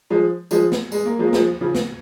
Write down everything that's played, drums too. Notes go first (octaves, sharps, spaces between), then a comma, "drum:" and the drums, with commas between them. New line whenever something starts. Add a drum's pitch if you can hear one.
F3 G#3
F3 G#3, drum: tambourine
drum: snare
G#3, drum: tambourine
A#3
F3 G#3
A#3
F3 G#3, drum: snare
C#3 F3
drum: snare